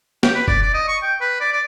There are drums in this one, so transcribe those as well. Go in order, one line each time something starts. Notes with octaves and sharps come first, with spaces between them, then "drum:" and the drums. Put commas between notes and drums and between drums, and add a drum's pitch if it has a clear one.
G4, drum: snare
B4
D5, drum: kick F1
D5
D#5
C#6
G5
B4
D5
D5